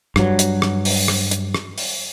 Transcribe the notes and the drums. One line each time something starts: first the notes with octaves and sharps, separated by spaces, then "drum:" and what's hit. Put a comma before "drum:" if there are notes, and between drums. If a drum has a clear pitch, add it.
G2 F#3, drum: rim click
drum: hi-hat
drum: rim click
drum: open hi-hat
drum: rim click
drum: hi-hat
drum: rim click
drum: open hi-hat